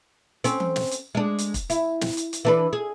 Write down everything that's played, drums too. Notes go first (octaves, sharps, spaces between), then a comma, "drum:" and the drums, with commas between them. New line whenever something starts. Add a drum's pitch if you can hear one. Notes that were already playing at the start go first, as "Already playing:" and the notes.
C4 C#4, drum: hi-hat
drum: tom E3
drum: snare
drum: hi-hat
G#3 D4
drum: hi-hat
drum: kick, hi-hat
E4, drum: hi-hat
drum: snare
drum: hi-hat
drum: hi-hat
E3 D4 B4
G#4